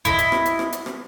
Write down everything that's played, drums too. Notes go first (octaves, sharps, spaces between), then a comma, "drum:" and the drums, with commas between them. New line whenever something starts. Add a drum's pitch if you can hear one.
E4 D#5, drum: kick G#1, hi-hat
drum: hi-hat
drum: rim click
drum: hi-hat
drum: rim click
drum: hi-hat
drum: rim click